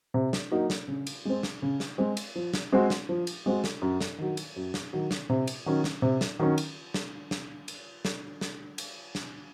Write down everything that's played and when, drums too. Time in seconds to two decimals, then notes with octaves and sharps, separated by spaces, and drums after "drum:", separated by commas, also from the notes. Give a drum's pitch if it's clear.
0.14 C3
0.33 drum: snare
0.51 F#3 A#3 D#4
0.70 drum: snare
0.88 C#3
1.07 drum: cymbal
1.25 G#3 C4
1.43 drum: snare
1.62 C#3
1.80 drum: snare
1.98 G#3 C4
2.17 drum: cymbal
2.35 F3
2.54 drum: snare
2.73 G#3 C4 F#4
2.90 drum: snare
3.09 F3
3.27 drum: cymbal
3.46 G#3 C4 F#4
3.64 drum: snare
3.82 F#2
4.00 drum: snare
4.18 D#3 F#3
4.37 drum: cymbal
4.56 F#2
4.74 drum: snare
4.93 D#3 F#3
5.11 drum: snare
5.29 C3
5.47 drum: cymbal
5.66 D#3 F#3 C#4
5.84 drum: snare
6.02 C3
6.21 drum: snare
6.39 D#3 F#3 C#4
6.58 drum: cymbal
6.94 drum: snare
7.31 drum: snare
7.68 drum: cymbal
8.05 drum: snare
8.41 drum: snare
8.78 drum: cymbal
9.15 drum: snare